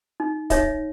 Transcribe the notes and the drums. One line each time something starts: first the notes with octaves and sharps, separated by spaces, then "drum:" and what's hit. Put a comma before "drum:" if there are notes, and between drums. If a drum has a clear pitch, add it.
D#4
D#4 C#5 E5, drum: kick, hi-hat